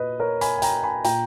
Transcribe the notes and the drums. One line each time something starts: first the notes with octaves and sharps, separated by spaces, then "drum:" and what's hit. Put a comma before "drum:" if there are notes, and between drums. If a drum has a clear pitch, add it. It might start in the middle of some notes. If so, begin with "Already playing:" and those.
Already playing: A#2 B4 D#5
A#4 C#5
G#5 B5, drum: hi-hat
G#5
G5 A#5, drum: hi-hat
G#5 B5
A#2 G5 A#5, drum: hi-hat